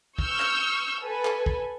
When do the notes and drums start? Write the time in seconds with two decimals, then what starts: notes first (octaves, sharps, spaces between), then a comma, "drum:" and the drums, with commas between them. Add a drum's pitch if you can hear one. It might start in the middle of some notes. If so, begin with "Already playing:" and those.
0.18 C#6 E6 F6 G6, drum: kick
0.40 drum: clap
1.02 A4 B4 G#5
1.25 drum: clap
1.46 drum: kick